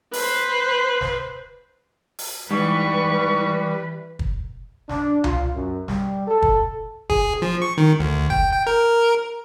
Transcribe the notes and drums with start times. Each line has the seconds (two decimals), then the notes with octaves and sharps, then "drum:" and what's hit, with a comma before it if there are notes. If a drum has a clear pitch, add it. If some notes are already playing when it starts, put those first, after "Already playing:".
0.13 B4 C5, drum: open hi-hat
1.01 drum: snare
2.19 drum: open hi-hat
2.51 G#2 E3 G3 B4 C#6
4.19 drum: kick
4.89 D4, drum: snare
5.24 F4, drum: tom C2
5.54 F#2
5.88 G3, drum: snare
6.27 A4
6.42 drum: kick
7.10 G#4, drum: kick
7.42 F3
7.62 C#6
7.78 D#3
7.99 D2
8.30 G5, drum: kick
8.52 G5
8.67 A#4